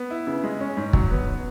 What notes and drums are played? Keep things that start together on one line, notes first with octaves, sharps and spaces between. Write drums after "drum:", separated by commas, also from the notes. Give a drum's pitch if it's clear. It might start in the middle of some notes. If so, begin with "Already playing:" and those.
Already playing: B3
E4
C#3
G#3
C#4
G#2
F#3, drum: kick
B3